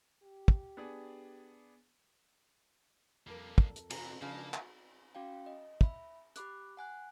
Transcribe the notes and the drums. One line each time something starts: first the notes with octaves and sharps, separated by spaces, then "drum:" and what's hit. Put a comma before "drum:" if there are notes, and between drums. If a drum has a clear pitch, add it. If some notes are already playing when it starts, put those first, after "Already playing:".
G4
drum: kick
B3 D4 G#4
F2 G3 A#3 A4 A#4
drum: kick
drum: hi-hat
C3 E3 A#5, drum: cymbal
C#3 F3 G#3 A#3 D4 A5
drum: clap
C#4 F#4 F5 G5
D#5
E5 B5, drum: kick
G4 B5 D6 F#6, drum: hi-hat
F#5 G#5 F#6